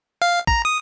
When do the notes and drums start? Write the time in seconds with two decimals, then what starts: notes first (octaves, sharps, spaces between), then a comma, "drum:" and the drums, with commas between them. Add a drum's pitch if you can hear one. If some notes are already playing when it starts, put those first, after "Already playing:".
0.22 F5
0.47 A#5, drum: kick
0.65 D#6